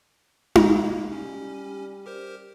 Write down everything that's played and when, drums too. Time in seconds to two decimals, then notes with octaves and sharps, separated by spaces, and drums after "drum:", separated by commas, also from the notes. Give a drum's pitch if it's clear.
0.55 drum: tom D#4
0.80 C3 A#3
1.12 G3 C#4
2.06 G4 A#4 C5